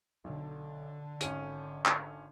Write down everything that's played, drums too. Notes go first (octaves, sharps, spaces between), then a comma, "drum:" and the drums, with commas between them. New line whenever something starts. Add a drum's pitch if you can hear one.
B1 D3
G#1 C#4 D#7, drum: hi-hat
drum: clap